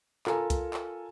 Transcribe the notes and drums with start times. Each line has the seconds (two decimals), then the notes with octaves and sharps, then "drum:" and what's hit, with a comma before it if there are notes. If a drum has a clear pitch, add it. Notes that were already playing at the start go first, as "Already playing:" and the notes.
0.27 F4 A4 A#4 G#5 A#5, drum: clap
0.50 drum: kick C2, hi-hat
0.74 drum: clap